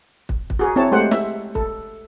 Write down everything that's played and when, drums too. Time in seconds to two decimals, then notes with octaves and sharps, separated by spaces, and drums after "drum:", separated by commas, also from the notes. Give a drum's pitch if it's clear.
0.29 drum: kick
0.50 drum: kick
0.59 F#4 G#4 A#4
0.76 C4 E4 C#5 A5
0.92 G#3 A3 G4 C5 F#5
1.11 E5, drum: snare
1.55 A4, drum: kick